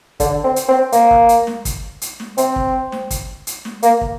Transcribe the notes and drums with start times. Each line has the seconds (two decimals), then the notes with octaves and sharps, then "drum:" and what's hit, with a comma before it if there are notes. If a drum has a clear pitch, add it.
0.20 D3, drum: kick, hi-hat
0.44 C4
0.56 drum: hi-hat
0.68 C4
0.92 A#3, drum: hi-hat
1.11 drum: kick
1.29 drum: hi-hat
1.47 drum: snare
1.65 drum: kick, hi-hat
2.02 drum: hi-hat
2.20 drum: snare
2.38 C4, drum: hi-hat
2.56 drum: kick
2.92 drum: snare
3.11 drum: kick, hi-hat
3.47 drum: hi-hat
3.65 drum: snare
3.83 A#3, drum: hi-hat
4.01 drum: kick